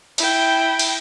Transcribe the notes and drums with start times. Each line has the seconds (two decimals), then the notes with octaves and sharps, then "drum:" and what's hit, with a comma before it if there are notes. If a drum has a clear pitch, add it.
0.18 E4 G5, drum: cymbal
0.79 drum: cymbal